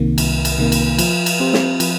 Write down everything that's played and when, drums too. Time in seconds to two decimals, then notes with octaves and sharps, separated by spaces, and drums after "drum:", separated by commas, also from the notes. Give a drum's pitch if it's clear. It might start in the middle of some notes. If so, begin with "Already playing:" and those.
Already playing: C2 C3 D#3 A#3
0.18 C2, drum: cymbal
0.45 drum: cymbal
0.58 C3 D#3 A#3
0.72 drum: cymbal
0.98 F3, drum: cymbal
1.26 drum: cymbal
1.40 C4 G4 C5
1.53 drum: snare
1.80 F3, drum: cymbal